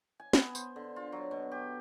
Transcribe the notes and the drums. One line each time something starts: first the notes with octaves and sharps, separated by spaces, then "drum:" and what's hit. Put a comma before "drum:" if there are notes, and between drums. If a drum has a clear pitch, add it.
G#5
B3, drum: snare
C5, drum: tambourine
D3
F4
F#3
B2
G4